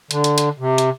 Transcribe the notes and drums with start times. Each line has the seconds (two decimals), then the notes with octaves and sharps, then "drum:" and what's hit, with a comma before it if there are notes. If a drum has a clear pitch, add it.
0.11 D3, drum: hi-hat
0.24 drum: hi-hat
0.38 drum: hi-hat
0.59 C3
0.78 drum: hi-hat